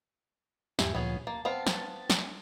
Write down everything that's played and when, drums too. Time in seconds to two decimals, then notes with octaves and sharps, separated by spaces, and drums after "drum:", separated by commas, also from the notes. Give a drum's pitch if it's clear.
0.79 E2 G#2 E4 G4, drum: snare
0.95 D2 A#2 F3 B3 C#4 G#4
1.27 A#3 A5
1.45 B3 C4 F5
1.67 drum: snare
2.10 drum: snare